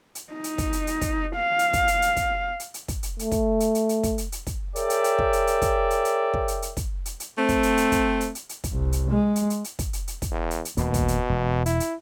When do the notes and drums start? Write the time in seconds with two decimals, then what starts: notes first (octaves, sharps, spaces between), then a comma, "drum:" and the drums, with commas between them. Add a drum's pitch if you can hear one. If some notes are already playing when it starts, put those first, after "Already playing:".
0.15 drum: hi-hat
0.33 D#4
0.44 drum: hi-hat
0.58 drum: kick, hi-hat
0.73 drum: hi-hat
0.87 drum: hi-hat
1.01 drum: kick, hi-hat
1.36 F5
1.59 drum: hi-hat
1.73 drum: kick, hi-hat
1.88 drum: hi-hat
2.02 drum: hi-hat
2.16 drum: kick, hi-hat
2.60 drum: hi-hat
2.74 drum: hi-hat
2.88 drum: kick, hi-hat
3.03 drum: hi-hat
3.19 A3, drum: hi-hat
3.32 drum: kick, hi-hat
3.60 drum: hi-hat
3.75 drum: hi-hat
3.89 drum: hi-hat
4.03 drum: kick, hi-hat
4.18 drum: hi-hat
4.32 drum: hi-hat
4.47 drum: kick, hi-hat
4.76 G#4 A#4 C#5 D5 E5 G5, drum: hi-hat
4.90 drum: hi-hat
5.04 drum: hi-hat
5.19 drum: kick
5.33 drum: hi-hat
5.47 drum: hi-hat
5.62 drum: kick, hi-hat
5.90 drum: hi-hat
6.05 drum: hi-hat
6.34 drum: kick
6.48 drum: hi-hat
6.62 drum: hi-hat
6.77 drum: kick, hi-hat
7.05 drum: hi-hat
7.20 drum: hi-hat
7.38 A3 C4
7.49 drum: kick, hi-hat
7.63 drum: hi-hat
7.77 drum: hi-hat
7.92 drum: kick, hi-hat
8.21 drum: hi-hat
8.35 drum: hi-hat
8.49 drum: hi-hat
8.64 drum: kick, hi-hat
8.73 C2
8.92 drum: hi-hat
9.10 G#3
9.36 drum: hi-hat
9.50 drum: hi-hat
9.64 drum: hi-hat
9.79 drum: kick, hi-hat
9.93 drum: hi-hat
10.08 drum: hi-hat
10.22 drum: kick, hi-hat
10.31 E2
10.51 drum: hi-hat
10.65 drum: hi-hat
10.77 D#1 D2 B2 A#3, drum: hi-hat
10.94 drum: kick, hi-hat
11.08 drum: hi-hat
11.30 E1
11.66 E4, drum: hi-hat
11.80 drum: hi-hat